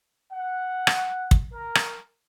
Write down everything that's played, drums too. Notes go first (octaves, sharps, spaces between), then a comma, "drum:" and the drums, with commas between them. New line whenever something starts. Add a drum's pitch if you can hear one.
F#5
drum: rim click
drum: kick
A#4
drum: rim click